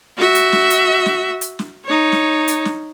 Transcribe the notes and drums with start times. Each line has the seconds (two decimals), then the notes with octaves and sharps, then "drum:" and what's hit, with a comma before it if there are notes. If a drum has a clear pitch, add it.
0.17 F#4 E5
0.35 drum: hi-hat
0.52 drum: snare
0.70 drum: hi-hat
1.06 drum: snare
1.41 drum: hi-hat
1.59 drum: snare
1.85 D#4 C#5
2.12 drum: snare
2.48 drum: hi-hat
2.65 drum: snare